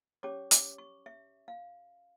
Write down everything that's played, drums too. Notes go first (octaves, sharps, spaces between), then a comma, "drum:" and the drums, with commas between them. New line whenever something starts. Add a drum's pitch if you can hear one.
C#4 G4 C#5 D6
D6, drum: hi-hat
C#6
E5
F5